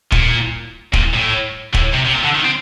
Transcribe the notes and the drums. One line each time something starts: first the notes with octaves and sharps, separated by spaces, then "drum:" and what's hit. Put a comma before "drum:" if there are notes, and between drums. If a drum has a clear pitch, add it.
A#2, drum: kick
A#2, drum: kick
A2
A2, drum: kick
C3
C3
A#2
D3
D#3
C4